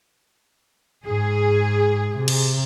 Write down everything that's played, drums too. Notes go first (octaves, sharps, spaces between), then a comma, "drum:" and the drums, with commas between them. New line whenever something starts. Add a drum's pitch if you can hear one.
G#2 G#4
C3
drum: cymbal